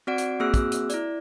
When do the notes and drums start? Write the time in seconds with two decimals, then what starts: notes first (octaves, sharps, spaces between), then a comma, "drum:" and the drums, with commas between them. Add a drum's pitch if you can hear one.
0.07 C4 F#4 D5 F#5 D7
0.18 drum: hi-hat
0.40 A#3 C4 F#4 G#4 E6 F#6
0.54 drum: kick, hi-hat
0.72 drum: hi-hat
0.90 E4 D5, drum: hi-hat